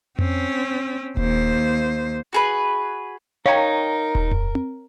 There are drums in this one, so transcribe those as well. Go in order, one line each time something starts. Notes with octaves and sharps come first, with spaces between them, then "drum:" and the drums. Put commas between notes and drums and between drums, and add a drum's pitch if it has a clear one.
C4 C#4, drum: tom F2
D#2 C5, drum: kick D#1
F#4 G#4 B4
D#4 A#4 C#5 F5 G5 A#5
drum: kick D#1
drum: tom F2
drum: tom C4